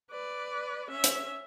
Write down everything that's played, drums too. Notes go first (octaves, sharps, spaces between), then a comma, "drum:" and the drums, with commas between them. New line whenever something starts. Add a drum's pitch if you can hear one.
B4 D5
C#4 E5
drum: hi-hat